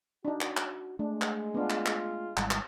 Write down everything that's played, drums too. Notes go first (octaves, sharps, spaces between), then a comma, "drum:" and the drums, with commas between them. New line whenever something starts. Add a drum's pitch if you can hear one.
D4 D#4 F#4
drum: clap
drum: clap
G#3 A3 D4
drum: clap
B3 D4 F4
drum: clap
drum: clap
G#1 G3 G#3 E4, drum: clap
drum: clap